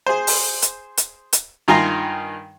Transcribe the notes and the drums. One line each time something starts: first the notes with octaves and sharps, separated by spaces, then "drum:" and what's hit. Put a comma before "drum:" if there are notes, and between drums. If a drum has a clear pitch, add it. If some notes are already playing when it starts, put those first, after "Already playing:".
G#4 C5
drum: open hi-hat
drum: hi-hat
drum: hi-hat
drum: hi-hat
G2 D#3 F4 G#5 A#5 C6